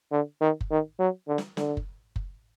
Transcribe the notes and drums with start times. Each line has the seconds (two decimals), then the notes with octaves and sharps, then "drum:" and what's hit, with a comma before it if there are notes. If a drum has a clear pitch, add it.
0.12 D3
0.41 D#3
0.61 drum: kick F#1
0.71 D#3
0.99 F#3
1.28 D3
1.38 drum: snare
1.57 D3, drum: snare
1.77 drum: kick F#1
2.16 drum: kick F#1